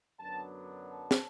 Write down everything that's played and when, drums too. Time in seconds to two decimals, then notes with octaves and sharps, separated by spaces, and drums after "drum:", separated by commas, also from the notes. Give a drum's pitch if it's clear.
0.19 F#2 D3 F#3 B3 D4 A5
0.88 A5
1.11 drum: snare